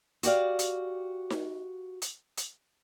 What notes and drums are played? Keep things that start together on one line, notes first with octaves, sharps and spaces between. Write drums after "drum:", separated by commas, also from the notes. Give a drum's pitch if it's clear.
F#4 G4 D5 F5, drum: hi-hat
drum: hi-hat
drum: snare D#4
drum: hi-hat
drum: hi-hat